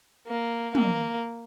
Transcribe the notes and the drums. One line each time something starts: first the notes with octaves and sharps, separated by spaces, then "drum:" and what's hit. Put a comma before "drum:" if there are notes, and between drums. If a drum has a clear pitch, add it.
A#3
A#3, drum: tom